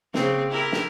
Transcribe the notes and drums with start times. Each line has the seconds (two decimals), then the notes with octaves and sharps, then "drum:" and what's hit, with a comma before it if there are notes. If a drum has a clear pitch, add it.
0.14 C#3 A#3 C4, drum: snare
0.51 E4 G4 A#4
0.72 drum: snare